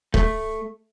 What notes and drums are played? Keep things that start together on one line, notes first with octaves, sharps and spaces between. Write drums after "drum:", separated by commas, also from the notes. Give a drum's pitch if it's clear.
A3, drum: kick